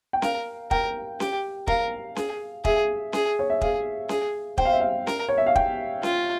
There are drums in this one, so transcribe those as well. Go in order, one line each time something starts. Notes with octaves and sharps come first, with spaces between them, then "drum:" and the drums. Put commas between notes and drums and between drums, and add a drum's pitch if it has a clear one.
G5
A#4 F5, drum: snare C#4
A#4 G5, drum: kick
G4, drum: snare C#4
A#4 F5, drum: kick
G#4, drum: snare C#4
G#4 E5, drum: kick
G#4, drum: snare C#4
C#5
E5
G#4 F5, drum: kick
G#4, drum: snare C#4
C5 G5, drum: kick
F5
E5
F5
A#4, drum: snare C#4
C#5
E5
F5
G5, drum: kick
F4, drum: snare C#4